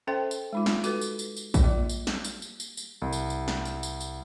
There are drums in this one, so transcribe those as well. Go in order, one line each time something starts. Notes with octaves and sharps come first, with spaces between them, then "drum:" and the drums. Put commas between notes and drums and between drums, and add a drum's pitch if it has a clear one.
C#4 A4 C5 E5 G5 C6
drum: tambourine
G#3 D#4 F4
drum: snare
F#4 A4 B4, drum: tambourine
drum: tambourine
drum: tambourine
drum: tambourine
drum: kick A#1, tambourine
G3 A#3 F4 D5
drum: tambourine
drum: snare
drum: tambourine
drum: tambourine
drum: tambourine
drum: tambourine
C2
drum: tambourine
drum: tambourine
drum: snare
drum: tambourine
drum: tambourine
drum: tambourine